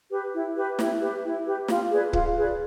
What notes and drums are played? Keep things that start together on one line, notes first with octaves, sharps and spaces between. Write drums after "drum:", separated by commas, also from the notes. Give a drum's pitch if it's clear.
G4 B4
E4
G4 B4
E4, drum: snare
G4 B4
E4
G4 B4
F4, drum: snare
G#4 B4 D5
F4, drum: kick C#1
G#4 B4 D5